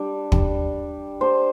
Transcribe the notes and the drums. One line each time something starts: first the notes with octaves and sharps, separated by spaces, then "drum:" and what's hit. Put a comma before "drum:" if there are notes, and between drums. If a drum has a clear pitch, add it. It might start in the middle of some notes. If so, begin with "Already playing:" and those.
Already playing: G3 D4
G3 D4, drum: kick
G3 D4 C5